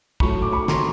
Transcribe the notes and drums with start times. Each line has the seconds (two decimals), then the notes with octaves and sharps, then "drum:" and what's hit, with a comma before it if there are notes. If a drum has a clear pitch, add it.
0.20 A2 F#3 A3 B5 C#6, drum: kick
0.42 D6
0.52 B5 C#6
0.68 A#5 C6, drum: snare